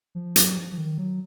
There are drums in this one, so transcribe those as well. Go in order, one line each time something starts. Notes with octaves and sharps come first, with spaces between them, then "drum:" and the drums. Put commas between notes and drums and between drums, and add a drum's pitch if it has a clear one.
F3
F#3, drum: hi-hat
F3
F3
D#3
F#3